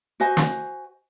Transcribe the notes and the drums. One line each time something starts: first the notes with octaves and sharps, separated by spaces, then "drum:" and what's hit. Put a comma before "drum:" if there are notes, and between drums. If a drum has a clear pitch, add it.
F#4 C5 D#5 G#5
drum: snare